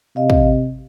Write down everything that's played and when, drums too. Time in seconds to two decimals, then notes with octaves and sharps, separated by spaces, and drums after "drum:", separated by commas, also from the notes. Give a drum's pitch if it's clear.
0.16 C3 D#5 F5
0.30 drum: kick